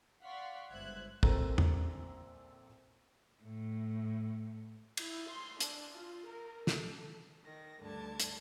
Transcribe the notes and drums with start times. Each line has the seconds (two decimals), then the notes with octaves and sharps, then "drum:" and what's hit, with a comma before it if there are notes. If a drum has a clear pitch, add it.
0.23 D5 F5 F#5 C6 C#6 B6
0.71 G1 C#2 C5 E5 F#6 G#6
1.23 A#1 C4 A4 A#4 A#5, drum: kick
1.58 drum: tom E2
3.43 A2
4.97 E4, drum: cymbal
5.28 C6
5.60 D4, drum: hi-hat
5.94 F4
6.25 A#4
6.67 A4, drum: snare
7.44 D#3 A#6
7.80 D2 G2 D3 A5 G#6
8.20 drum: hi-hat